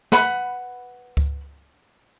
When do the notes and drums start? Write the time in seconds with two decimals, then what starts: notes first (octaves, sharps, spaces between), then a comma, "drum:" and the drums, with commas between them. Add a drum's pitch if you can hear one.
0.12 B4 F#5 B5, drum: snare
1.17 drum: kick C#2